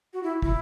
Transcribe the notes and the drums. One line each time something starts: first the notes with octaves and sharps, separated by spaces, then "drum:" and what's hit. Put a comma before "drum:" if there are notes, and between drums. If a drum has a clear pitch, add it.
F#4
E4
E4, drum: kick